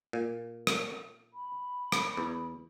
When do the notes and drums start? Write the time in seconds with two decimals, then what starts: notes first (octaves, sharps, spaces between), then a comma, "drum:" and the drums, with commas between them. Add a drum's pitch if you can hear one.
0.13 A#2
0.67 drum: rim click
1.34 B5
1.92 drum: rim click
2.17 E2